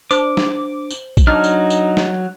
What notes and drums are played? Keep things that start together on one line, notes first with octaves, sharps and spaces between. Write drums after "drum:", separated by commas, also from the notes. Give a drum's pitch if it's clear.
D4 C5 D6, drum: tambourine
drum: snare
drum: tambourine
drum: kick A#1, tambourine
F#3 D4 D#4 F6
drum: tambourine
drum: tambourine
drum: snare